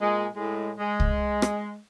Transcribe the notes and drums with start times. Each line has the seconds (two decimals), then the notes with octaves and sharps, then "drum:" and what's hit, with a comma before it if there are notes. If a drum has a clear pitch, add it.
0.01 A#2 G#3
0.36 A2 G#3
0.78 G#3
1.00 drum: kick C2
1.42 drum: rim click